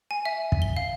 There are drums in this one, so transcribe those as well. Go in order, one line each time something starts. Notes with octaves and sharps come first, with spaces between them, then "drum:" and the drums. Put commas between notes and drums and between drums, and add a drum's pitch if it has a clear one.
G#5
E5
drum: kick
G7
F5